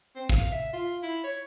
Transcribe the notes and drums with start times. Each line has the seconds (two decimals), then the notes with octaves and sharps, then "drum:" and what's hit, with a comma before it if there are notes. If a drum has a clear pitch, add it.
0.16 C4
0.29 F5, drum: kick
0.52 E5
0.73 F4
1.03 E4
1.24 C#5